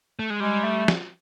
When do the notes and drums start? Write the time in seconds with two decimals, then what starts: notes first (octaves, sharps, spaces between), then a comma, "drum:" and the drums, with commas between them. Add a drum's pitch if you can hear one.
0.19 A3
0.30 G#3
0.40 G3 G#3
0.64 A3
0.88 drum: snare